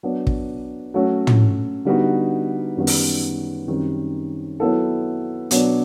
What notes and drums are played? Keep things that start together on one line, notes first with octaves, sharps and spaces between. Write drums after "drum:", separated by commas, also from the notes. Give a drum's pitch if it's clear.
F#3 B3 D4
drum: kick
F#3 A3 C#4 F#4
drum: tom
D3 G3 B3 D#4 F#4
F#2 D#3 G3 B3
drum: open hi-hat
F#2 D#3 G3 C4
F#3 B3 E4 A4
B2 F#3 B3 D4, drum: hi-hat